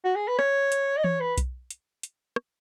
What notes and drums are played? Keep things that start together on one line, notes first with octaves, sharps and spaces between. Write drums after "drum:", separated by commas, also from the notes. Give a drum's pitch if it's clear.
F#4
G#4
B4
C#5, drum: rim click
drum: hi-hat
D#5
C#5, drum: tom E3
B4
drum: kick B1, hi-hat
drum: hi-hat
drum: hi-hat
drum: rim click